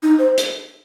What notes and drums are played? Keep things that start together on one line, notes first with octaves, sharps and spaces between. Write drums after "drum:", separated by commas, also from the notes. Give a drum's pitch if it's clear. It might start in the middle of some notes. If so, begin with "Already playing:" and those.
D#4
C5
drum: hi-hat